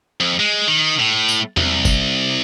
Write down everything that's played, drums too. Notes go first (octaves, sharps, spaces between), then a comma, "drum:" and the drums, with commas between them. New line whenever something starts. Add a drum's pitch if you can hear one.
F2
G#3
D#3
A2
drum: tambourine
C2, drum: tom E2
drum: kick G1, tambourine